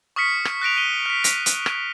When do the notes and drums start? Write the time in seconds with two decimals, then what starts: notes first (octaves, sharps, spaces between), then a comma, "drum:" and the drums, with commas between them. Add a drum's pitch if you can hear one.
0.16 C#6 D#6 F6 B6 C#7
0.45 drum: rim click
0.62 F#6 A#6 D7 F7
0.77 D#7 G7
1.06 F6 B6
1.24 A#6 B6, drum: hi-hat
1.46 drum: hi-hat
1.66 drum: rim click